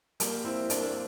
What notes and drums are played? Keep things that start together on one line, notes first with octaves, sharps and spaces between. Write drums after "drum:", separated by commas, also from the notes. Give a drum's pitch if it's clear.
G3 A#3, drum: hi-hat
C4 E4
A#3 D4, drum: hi-hat
A#3 D4